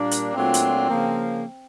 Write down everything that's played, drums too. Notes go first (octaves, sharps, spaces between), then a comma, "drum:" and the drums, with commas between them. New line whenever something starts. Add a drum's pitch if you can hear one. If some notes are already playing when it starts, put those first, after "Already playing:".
Already playing: A#2 G3 A#3 D4
drum: hi-hat
A#2 F#3 A3 C4 D4 F4
drum: hi-hat
C#3 F3 A#3